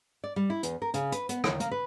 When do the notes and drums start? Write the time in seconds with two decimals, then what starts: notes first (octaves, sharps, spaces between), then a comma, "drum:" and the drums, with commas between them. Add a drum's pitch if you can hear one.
0.24 D5
0.36 G3
0.50 E4
0.63 E2, drum: hi-hat
0.82 A#4
0.94 C#3, drum: hi-hat
1.12 B4, drum: hi-hat
1.29 B3, drum: hi-hat
1.44 D#2, drum: rim click
1.60 A#3, drum: hi-hat
1.71 B4